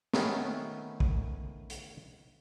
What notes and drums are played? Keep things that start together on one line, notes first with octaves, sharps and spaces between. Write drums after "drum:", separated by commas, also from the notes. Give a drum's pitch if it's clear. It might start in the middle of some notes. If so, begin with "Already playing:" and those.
D#3 A3 B3 C#4, drum: snare
drum: kick
drum: hi-hat